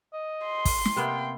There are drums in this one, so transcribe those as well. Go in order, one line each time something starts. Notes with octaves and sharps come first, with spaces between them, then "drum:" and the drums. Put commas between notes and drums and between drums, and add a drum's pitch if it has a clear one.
D#5
C6
drum: kick, open hi-hat
drum: snare
C3 A#3 B3 G5